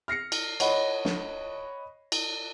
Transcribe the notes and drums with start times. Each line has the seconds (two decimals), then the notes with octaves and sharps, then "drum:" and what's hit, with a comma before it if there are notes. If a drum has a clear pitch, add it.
0.08 F6 A#6 C7 C#7
0.32 drum: cymbal
0.60 C#5 D#5 F#5 B5, drum: cymbal
1.05 drum: snare
2.12 drum: cymbal